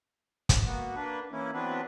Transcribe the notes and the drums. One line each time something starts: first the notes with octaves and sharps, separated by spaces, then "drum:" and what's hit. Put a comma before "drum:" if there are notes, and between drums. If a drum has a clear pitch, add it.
drum: kick, hi-hat
A#3 B3 F#4
A#3 D4 B4
E3 A#3 C#4 E4
E3 F#3 B3 C4 D4 B4